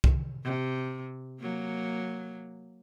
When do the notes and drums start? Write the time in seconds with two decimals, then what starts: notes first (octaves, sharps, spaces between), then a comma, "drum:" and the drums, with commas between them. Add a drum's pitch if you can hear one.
0.04 drum: kick
0.44 C3
1.40 F#3 A#3